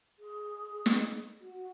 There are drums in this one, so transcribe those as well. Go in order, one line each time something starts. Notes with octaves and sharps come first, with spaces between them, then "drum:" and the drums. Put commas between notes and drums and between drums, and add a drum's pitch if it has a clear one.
G#4
drum: snare
F#4